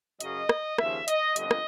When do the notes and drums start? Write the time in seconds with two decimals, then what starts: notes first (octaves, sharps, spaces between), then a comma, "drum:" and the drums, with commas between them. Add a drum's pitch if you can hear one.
0.20 F#2 C#3 F#3 D#5, drum: hi-hat
0.49 drum: rim click
0.78 D#2 C#3 F3 E5, drum: rim click
1.08 D#5, drum: hi-hat
1.36 G1 F2 D3 G3 D#5, drum: hi-hat
1.51 drum: rim click